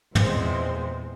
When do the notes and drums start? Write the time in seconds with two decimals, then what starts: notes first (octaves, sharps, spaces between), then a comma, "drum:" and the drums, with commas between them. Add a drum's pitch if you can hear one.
0.15 E2 A#2 E3 G#3 C4 C5, drum: tom